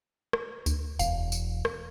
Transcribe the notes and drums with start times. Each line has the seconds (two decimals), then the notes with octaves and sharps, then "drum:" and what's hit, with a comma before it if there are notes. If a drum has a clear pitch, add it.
0.33 drum: rim click
0.66 D2, drum: tambourine
0.99 E1 F5, drum: tambourine
1.32 drum: tambourine
1.65 drum: rim click